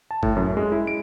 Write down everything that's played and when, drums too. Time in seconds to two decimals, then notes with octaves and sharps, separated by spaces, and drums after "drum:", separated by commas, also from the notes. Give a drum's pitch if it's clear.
0.11 A5
0.23 A2, drum: kick F#1
0.36 F#2
0.57 G#3
0.72 E4
0.87 D7